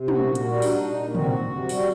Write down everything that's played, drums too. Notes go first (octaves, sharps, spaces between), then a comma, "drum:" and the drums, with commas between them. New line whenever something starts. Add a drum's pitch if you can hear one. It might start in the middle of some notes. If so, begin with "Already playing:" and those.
Already playing: C3
A#2 F#4, drum: tom
A#2
drum: hi-hat
G3
D4 D#4, drum: open hi-hat
A#2
A#2
D#4
C4 F#4, drum: tom
D2
C3
G3, drum: open hi-hat